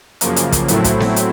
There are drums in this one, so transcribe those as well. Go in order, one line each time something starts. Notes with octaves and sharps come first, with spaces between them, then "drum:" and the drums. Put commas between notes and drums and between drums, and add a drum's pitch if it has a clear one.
F#2 C#3 F3 A#3, drum: hi-hat
drum: hi-hat
drum: kick, hi-hat
A2 F#3 A3 C4 E4, drum: hi-hat
drum: kick, hi-hat
drum: snare B3
drum: hi-hat